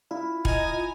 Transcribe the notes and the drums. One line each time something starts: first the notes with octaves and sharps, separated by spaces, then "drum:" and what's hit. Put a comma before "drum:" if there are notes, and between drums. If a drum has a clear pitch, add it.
E4 F4
D#5 G#5 A#5, drum: kick